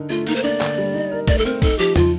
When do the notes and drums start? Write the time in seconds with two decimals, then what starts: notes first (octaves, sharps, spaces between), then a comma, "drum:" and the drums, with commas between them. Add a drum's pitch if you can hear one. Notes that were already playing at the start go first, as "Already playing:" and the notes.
Already playing: D3 D#4 A#4
0.10 A3 F4
0.27 A#3 D#4, drum: cymbal
0.36 C5
0.43 D4 D5
0.61 D3, drum: clap
0.78 G3
0.94 D#4
1.11 A#4
1.27 A3 D5, drum: kick, cymbal
1.38 A4
1.45 C4 A#4
1.62 D#4 A4, drum: kick, cymbal
1.79 F3 G4
1.96 F3 F4, drum: tom E2